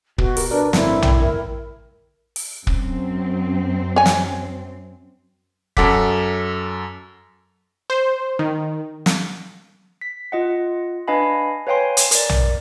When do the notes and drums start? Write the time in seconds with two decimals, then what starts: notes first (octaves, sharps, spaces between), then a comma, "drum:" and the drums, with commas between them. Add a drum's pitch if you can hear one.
0.18 B2 F#4, drum: kick
0.37 G4 A#4, drum: open hi-hat
0.51 D4 A#4 B4 D5
0.73 G1 A2 D3 C4 E4, drum: snare
1.02 G5, drum: tom A#1
1.20 A#4
2.36 drum: open hi-hat
2.67 F#2 C4, drum: kick
3.96 C#5 G#5
4.06 drum: snare
5.77 F#2 A4 F#5 D6 B6, drum: kick
7.90 C5
8.39 D#3
9.06 drum: snare
10.01 B6
10.32 F4 D#5 F#5
11.08 D4 B4 D#5 F5 G#5 B5
11.67 B4 C#5 F5 G5 G#5 C6
11.97 drum: hi-hat
12.11 A#4 D5, drum: hi-hat
12.29 drum: tom A#1